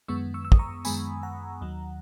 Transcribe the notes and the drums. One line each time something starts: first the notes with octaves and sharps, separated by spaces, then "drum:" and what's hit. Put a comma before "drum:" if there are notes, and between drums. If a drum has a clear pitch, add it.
F#2 D#3 G#3 B3 C#6 E6
C#6 E6
E6
D#6, drum: kick
A#5 C#6
F#2 D#3 G#3 B3 G#5 B5, drum: tambourine
F#5 A#5
D#2 D#3 F#3